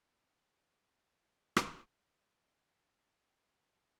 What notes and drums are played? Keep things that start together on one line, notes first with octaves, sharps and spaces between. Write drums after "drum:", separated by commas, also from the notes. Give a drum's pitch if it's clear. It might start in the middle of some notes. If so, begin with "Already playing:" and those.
D3 A#4
D#2
G4
drum: rim click
A#1 E2
E4 A5
C4 E4 A#4 C#5 D#5